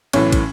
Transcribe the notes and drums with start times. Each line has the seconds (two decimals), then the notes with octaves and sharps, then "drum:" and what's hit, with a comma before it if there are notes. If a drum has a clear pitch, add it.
0.13 B1 A2 E3 C#4, drum: cymbal
0.32 drum: kick, cymbal